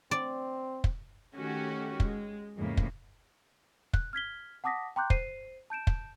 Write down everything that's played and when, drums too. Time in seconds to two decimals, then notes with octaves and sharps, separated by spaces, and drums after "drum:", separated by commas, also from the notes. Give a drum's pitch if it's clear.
0.11 C4 D5
0.84 drum: kick
1.35 D#3 A3 C#4 F#4 G4
2.00 G#3, drum: kick
2.56 F2 A2 C#3 G#3 A#3
2.77 drum: kick
3.93 F#6, drum: kick
4.13 F6 G#6 B6 G7
4.64 F#5 A5 D6 D#6 A#6 B6
4.96 G5 A#5 C6 D6 F#6 G6
5.10 C5 C7 D#7, drum: kick
5.70 A5 G6 D7 E7
5.87 drum: kick